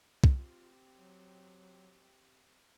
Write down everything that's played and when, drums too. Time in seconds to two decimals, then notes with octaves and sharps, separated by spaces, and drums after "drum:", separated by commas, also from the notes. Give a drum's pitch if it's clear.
0.24 C4 F4 G4, drum: kick
0.96 F#3